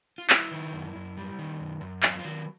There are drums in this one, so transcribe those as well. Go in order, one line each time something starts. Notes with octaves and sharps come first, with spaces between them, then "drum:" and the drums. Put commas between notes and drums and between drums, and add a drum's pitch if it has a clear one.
F4
F#3 E4, drum: clap
D#3
F#2
F#2
G3
D#3
F#2
F#2
F#3 F4, drum: clap
F4
D#3 F#4